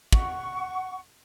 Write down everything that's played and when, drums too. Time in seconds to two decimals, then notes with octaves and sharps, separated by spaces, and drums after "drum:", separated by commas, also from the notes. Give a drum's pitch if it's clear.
0.13 F#5 C#6, drum: kick